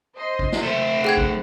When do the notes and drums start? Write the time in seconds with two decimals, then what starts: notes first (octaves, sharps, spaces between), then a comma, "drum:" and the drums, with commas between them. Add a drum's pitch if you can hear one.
0.16 C5 D#5 C6
0.39 drum: kick
0.52 drum: snare
0.63 A3 C4 E5
1.04 G#4 F#5 G5 G#6
1.17 drum: kick